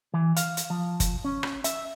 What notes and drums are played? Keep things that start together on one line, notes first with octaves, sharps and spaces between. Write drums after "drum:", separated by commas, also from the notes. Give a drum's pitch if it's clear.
E3
F5, drum: hi-hat
drum: hi-hat
F3
drum: kick, hi-hat
C#4
drum: rim click
E5, drum: hi-hat